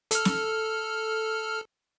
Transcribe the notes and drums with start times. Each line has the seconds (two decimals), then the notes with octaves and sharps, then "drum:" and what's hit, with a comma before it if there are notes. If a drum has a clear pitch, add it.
0.11 A4 F6, drum: hi-hat
0.25 drum: snare